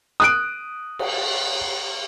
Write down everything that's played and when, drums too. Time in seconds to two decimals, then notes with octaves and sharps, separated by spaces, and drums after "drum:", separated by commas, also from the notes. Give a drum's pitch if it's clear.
0.20 D#6 F#6 D7
0.99 drum: cymbal